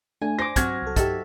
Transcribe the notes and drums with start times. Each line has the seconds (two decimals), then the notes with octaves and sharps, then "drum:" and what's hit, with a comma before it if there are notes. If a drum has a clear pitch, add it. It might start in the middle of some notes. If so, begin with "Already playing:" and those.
0.22 A3 D4 G#5
0.39 C5 D6 A#6
0.56 F#3 C4 F6 G#6, drum: kick, hi-hat
0.82 C2 A4
0.96 D#4 G4 A4 E5, drum: kick, hi-hat